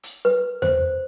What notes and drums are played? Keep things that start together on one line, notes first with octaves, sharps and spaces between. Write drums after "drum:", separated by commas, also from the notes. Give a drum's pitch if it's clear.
drum: hi-hat
B4
C5, drum: tom E2